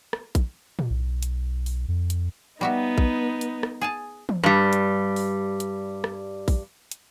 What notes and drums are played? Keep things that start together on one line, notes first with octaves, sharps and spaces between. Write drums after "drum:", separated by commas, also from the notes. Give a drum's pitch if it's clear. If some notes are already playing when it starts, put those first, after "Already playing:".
drum: rim click
drum: kick A#1, hi-hat
drum: tom A2
B1
drum: hi-hat
drum: open hi-hat
F2
drum: hi-hat
G3 B3 D#4 F#4 E5
drum: kick A#1
drum: hi-hat
drum: rim click
G#4 G#5 A5
drum: tom E3
G2 G3
drum: hi-hat
drum: open hi-hat
drum: hi-hat
drum: rim click
drum: kick A#1, open hi-hat
drum: hi-hat